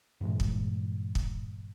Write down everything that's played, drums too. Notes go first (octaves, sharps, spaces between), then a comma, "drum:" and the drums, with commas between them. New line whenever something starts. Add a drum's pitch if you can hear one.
G2 A#2 E3 G#3
drum: kick
drum: kick